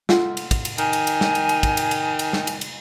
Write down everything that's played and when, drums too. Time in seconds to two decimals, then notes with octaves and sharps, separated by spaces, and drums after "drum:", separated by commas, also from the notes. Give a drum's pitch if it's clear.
0.09 F4 A4 F#5, drum: snare
0.37 drum: cymbal
0.51 drum: kick, cymbal
0.65 drum: cymbal
0.78 D#3 G#5, drum: cymbal
0.93 drum: cymbal
1.07 drum: cymbal
1.21 drum: snare
1.35 drum: cymbal
1.49 drum: cymbal
1.63 drum: kick, cymbal
1.77 drum: cymbal
1.91 drum: cymbal
2.19 drum: cymbal
2.33 drum: snare
2.47 drum: cymbal
2.61 drum: cymbal